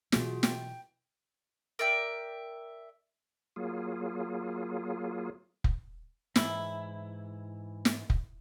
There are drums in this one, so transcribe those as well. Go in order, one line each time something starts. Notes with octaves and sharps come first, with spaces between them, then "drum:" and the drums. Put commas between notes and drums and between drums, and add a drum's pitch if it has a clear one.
B2 E3 F#3 F4 F#4 G#4, drum: snare
G5, drum: snare
A#4 D5 E5 G5
F#3 A#3 F4 G#4
drum: kick F1
G#2 E3 E4, drum: snare
drum: snare
drum: kick F1